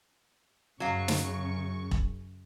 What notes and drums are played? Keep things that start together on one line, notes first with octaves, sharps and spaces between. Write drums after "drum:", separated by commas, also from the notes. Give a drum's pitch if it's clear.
F#2 C#3 F#3 F5 C#6
drum: snare
drum: kick E1